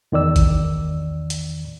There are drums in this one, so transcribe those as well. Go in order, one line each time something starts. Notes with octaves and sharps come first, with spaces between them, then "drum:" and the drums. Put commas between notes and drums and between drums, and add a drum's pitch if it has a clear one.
E2 D#3 D5 E6
drum: kick G#1, hi-hat
drum: hi-hat